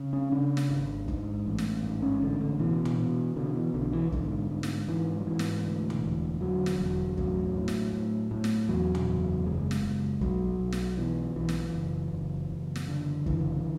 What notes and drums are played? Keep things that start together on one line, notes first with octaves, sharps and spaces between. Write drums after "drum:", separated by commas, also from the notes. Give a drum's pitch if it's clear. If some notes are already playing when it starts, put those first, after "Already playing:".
Already playing: C#3
C#4
C#3 D4
drum: snare
G#1
G#2, drum: kick G1
A1
drum: snare
G#2
C#4
A1 D3
D3
B2 E3
drum: tom
B2
B2 D3
E3
B1 D3
E3
G#2 D3, drum: kick G1
G#2
drum: snare
G#2 E3
F#3
G#2 E3
drum: snare
D2
drum: tom
E1
D3 F#3
drum: snare
E1 F#3
A1 F#3, drum: kick G1
A2
drum: snare
A2
A2
drum: snare
E2 F#3
drum: tom
F#1
F#1 G#3
drum: snare
F#1
B1 F#3, drum: kick G1
B1
drum: snare
B2 E3
B1 E3
drum: snare
F#1
F#1
F#1
drum: snare
D3
F#1 E3, drum: kick G1